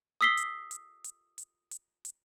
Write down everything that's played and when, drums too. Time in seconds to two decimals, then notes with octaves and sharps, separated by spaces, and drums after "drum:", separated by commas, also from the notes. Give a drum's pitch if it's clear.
0.21 D#6 E6 B6 C7 G7
0.37 drum: hi-hat
0.71 drum: hi-hat
1.04 drum: hi-hat
1.38 drum: hi-hat
1.71 drum: hi-hat
2.05 drum: hi-hat